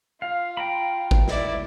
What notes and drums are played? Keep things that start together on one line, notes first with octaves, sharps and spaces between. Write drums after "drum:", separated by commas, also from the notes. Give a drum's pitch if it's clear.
F4 F5
G5 A#5 B5
drum: kick G#1
E4 D5, drum: snare